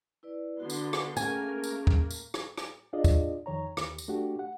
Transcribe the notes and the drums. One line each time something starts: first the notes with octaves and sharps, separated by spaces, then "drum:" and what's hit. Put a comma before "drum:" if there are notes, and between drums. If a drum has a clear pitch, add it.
E4 B4 D5
D3 B3 F#4 C6
drum: tambourine
drum: rim click
A3 A#3 C#4 G#4 A#4 G#5, drum: tambourine
drum: tambourine
drum: kick
drum: tambourine
drum: rim click
drum: rim click
D4 F4 G#4 D5 D#5
drum: kick, tambourine
F2 D#3 C#5 A#5
D#2, drum: rim click
drum: tambourine
A3 D4 F#4 G4
F#5